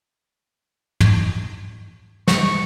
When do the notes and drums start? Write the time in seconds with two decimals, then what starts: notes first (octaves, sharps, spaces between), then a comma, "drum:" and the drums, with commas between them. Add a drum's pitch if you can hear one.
1.00 drum: tom
2.28 C#6, drum: snare